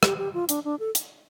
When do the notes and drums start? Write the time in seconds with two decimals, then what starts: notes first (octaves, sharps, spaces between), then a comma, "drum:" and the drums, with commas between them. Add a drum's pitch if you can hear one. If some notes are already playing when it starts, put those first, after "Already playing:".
0.03 G4, drum: rim click
0.18 G4
0.34 F4
0.49 D4, drum: hi-hat
0.65 D4
0.79 A4
0.95 drum: hi-hat